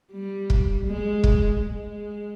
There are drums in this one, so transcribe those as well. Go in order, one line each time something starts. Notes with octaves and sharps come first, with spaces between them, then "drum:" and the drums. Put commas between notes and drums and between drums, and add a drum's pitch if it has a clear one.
G3
drum: kick
G#3
drum: kick
G#3